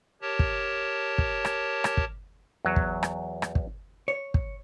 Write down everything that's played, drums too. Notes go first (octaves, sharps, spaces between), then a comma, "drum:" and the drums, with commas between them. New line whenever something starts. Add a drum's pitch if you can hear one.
G4 A#4 C#5 A5
drum: kick
drum: kick
drum: rim click
drum: rim click
drum: kick
E2 F#3
drum: kick
drum: rim click
drum: rim click
drum: kick
C#5
drum: kick